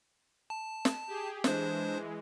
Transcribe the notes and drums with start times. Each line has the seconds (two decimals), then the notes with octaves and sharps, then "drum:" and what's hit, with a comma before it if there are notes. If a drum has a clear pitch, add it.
0.50 A5
0.85 drum: snare
1.08 G4 G#4
1.44 E3 G#3 D4 C5, drum: snare